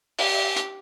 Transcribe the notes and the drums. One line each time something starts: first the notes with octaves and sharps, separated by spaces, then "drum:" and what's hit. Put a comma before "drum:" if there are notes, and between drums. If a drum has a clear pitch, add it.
G4, drum: open hi-hat
drum: hi-hat